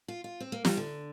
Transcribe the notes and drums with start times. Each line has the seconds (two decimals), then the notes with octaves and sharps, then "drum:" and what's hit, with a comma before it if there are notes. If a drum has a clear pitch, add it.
0.08 F4
0.24 F4
0.40 C4
0.52 A#3
0.65 G3, drum: snare
0.77 D3